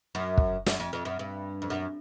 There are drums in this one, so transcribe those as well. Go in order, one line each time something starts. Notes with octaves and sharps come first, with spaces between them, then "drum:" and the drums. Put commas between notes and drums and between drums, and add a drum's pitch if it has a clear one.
F#2
drum: kick
F#2, drum: snare
F2
F2
F#2
G2
F2
F#2